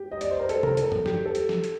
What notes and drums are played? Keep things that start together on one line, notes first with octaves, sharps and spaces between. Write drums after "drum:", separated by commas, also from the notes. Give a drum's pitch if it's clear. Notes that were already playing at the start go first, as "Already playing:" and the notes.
Already playing: G4
D#5
D5, drum: hi-hat
C5
A#4
A4, drum: hi-hat
A#4, drum: tom C3
A4, drum: hi-hat
drum: tom
G4, drum: snare
A4
drum: hi-hat
drum: snare
drum: hi-hat